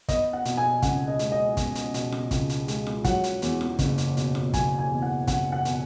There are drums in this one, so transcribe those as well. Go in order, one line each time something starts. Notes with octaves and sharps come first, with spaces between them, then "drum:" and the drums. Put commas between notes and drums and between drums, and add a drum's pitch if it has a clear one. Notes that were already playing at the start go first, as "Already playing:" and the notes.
B3 D#5, drum: kick, hi-hat
F#5
B2, drum: hi-hat
G#5
C#2 F#5, drum: kick, hi-hat
D#5
G#3, drum: hi-hat
D#5
B3, drum: kick, hi-hat
drum: hi-hat
B2, drum: hi-hat
drum: snare F4
C#2, drum: kick, hi-hat
drum: hi-hat
G#3, drum: hi-hat
drum: snare F4
F#3 F#5, drum: kick, hi-hat
drum: hi-hat
E2, drum: hi-hat
drum: snare F4
F#1, drum: kick, hi-hat
drum: hi-hat
B2, drum: hi-hat
drum: snare F4
F#3 G#5, drum: kick, hi-hat
G#5
E2
F#5
F#1 F#5, drum: kick, hi-hat
F#5
B2, drum: hi-hat